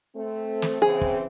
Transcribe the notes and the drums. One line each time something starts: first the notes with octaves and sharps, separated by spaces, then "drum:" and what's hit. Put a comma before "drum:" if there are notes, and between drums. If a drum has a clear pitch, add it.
A3 C4
drum: snare
C#3 E3 C4 G#4
drum: kick